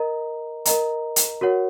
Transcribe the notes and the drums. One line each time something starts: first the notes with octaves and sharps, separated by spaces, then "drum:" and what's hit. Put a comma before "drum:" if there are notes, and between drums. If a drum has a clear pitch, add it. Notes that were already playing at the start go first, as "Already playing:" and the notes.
Already playing: A#4 D#5 A#5
A#4 D#5 A#5, drum: hi-hat
drum: hi-hat
F#4 A#4 C#5 F#5